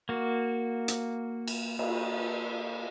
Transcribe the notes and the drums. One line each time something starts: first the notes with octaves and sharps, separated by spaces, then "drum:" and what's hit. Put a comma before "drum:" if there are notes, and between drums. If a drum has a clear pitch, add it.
A#3 F#4
drum: hi-hat
drum: cymbal
drum: cymbal